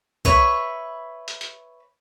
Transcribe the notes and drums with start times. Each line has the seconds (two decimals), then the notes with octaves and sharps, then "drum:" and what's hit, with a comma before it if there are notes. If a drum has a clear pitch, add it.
0.25 B4 C#5 E5, drum: kick B1
1.28 drum: hi-hat
1.41 drum: hi-hat